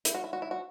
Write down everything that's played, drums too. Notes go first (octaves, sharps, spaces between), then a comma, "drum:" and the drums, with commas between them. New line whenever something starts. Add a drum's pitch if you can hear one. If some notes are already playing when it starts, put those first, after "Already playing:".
E4, drum: hi-hat
F#4
E4
F#4
E4
F#4